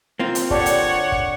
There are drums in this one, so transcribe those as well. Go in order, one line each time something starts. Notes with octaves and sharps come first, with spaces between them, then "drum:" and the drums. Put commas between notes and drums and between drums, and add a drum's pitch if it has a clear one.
A#3 C4 F4
drum: hi-hat
D3 D4 G4 C#5 D5 F#5, drum: kick
drum: hi-hat
drum: kick